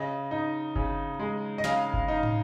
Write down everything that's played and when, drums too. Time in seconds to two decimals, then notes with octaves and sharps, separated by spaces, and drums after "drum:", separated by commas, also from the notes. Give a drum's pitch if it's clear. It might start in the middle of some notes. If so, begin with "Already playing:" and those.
Already playing: C#3 D#5
0.31 D#4
0.76 C#3, drum: kick F#1
1.19 G#3
1.58 D#5
1.64 C#3 F5, drum: snare
1.94 drum: kick F#1
2.08 D#4
2.23 drum: tom